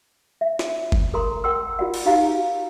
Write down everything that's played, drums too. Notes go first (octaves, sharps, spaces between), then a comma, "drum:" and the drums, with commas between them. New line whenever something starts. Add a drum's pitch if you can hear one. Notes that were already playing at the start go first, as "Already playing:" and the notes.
E5
drum: snare
drum: kick G1
A4 A#4 A#5 C6
A#4 F#5 G5 C6 E6
F4 F#4 D5 F#5
drum: cymbal
D#4 F#4 G4 F5 A#5